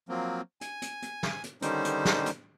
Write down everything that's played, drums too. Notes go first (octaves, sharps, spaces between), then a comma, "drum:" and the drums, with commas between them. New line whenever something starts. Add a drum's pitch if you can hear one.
F3 F#3 A#3 C4
G#5, drum: hi-hat
drum: hi-hat
drum: hi-hat
drum: snare
drum: hi-hat
D3 D#3 G3 C#4 D#4 C5, drum: hi-hat
drum: hi-hat
drum: snare
drum: hi-hat